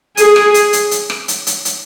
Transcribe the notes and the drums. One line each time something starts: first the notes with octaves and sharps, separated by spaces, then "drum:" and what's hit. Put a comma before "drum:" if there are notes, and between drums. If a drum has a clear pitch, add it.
G#4, drum: hi-hat
drum: rim click
drum: hi-hat
drum: hi-hat
drum: hi-hat
drum: rim click
drum: hi-hat
drum: hi-hat
drum: hi-hat